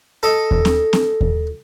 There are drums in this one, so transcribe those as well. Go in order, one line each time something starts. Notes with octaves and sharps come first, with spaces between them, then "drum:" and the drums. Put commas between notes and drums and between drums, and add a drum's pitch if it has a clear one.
A4 D#5
drum: kick D#2
drum: snare C4
drum: snare C4
drum: kick D#2